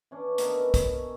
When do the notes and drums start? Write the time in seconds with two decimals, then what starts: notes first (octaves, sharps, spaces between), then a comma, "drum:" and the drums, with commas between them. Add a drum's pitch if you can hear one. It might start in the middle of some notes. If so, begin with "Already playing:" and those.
0.11 E3 C#4 D4
0.38 D#3 B3 A4 A#4, drum: hi-hat
0.60 C#4
0.74 drum: kick, hi-hat